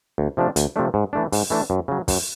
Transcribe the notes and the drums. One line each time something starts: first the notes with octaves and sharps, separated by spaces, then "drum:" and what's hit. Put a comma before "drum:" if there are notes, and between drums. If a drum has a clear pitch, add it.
D2
C3 F3 A3 D4
D2, drum: hi-hat
C3 F3 A3 D4
G#2
E3 A3 D4
G#2, drum: open hi-hat
E3 A3 D4
F#2
C#3 F#3
F#2, drum: kick, open hi-hat